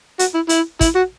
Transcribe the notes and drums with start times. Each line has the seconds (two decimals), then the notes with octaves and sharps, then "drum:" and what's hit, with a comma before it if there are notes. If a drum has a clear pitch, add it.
0.19 F#4, drum: hi-hat
0.34 E4
0.49 E4, drum: hi-hat
0.81 E4, drum: kick, hi-hat
0.96 F#4